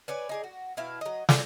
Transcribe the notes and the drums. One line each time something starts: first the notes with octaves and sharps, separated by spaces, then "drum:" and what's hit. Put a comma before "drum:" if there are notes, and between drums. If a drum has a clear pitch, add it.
B4 C#5 D5 G#5
D#4 G#4 D5
F#4
B2 E4 E5 F5
F#3 D#5
F4 G#4 A4 D5, drum: snare